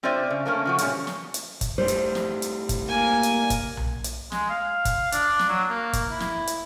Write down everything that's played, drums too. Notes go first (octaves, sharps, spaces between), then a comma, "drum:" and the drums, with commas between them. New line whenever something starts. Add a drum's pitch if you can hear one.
C3 C4 F4 C5 D5 E5
C#3
A3 A#3 C#4
C#3 F3 F#4
E2 A#2 G3 C#4, drum: hi-hat
drum: snare
drum: hi-hat
drum: kick, hi-hat
A2 G3 C5
drum: hi-hat
drum: snare
drum: hi-hat
drum: kick, hi-hat
A#3 G#5
drum: hi-hat
drum: kick, hi-hat
drum: tom B1
drum: hi-hat
G#3, drum: snare
F5
drum: kick, hi-hat
D4, drum: hi-hat
drum: snare
F#3
A#3
drum: kick, hi-hat
E4
drum: snare
drum: hi-hat